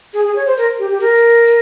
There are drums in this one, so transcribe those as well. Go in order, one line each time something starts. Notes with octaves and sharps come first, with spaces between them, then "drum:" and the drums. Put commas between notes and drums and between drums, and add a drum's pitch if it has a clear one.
G#4, drum: tambourine
G#4
C#5
C5
A#4, drum: tambourine
G4
G4
A#4, drum: tambourine
drum: tambourine
drum: tambourine
drum: tambourine